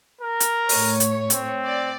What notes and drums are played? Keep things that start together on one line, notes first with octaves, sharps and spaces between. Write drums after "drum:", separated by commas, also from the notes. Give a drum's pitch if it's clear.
A#4
drum: hi-hat
A2 C#5, drum: open hi-hat
drum: hi-hat
C4, drum: hi-hat
D5